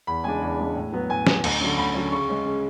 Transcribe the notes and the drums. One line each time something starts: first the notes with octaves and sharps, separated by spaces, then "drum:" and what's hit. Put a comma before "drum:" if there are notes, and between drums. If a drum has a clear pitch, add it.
E2 B5
C#3 G#3 D4 G#5
E2
C#3 G#3 D4
A2
F#3 B3
A2 G#5
F#3 B3, drum: snare
D2, drum: cymbal
D3 F#3 C#4
D2 B5
D3 F#3 C#4
C#3 C#6
G#3 C#4
C#3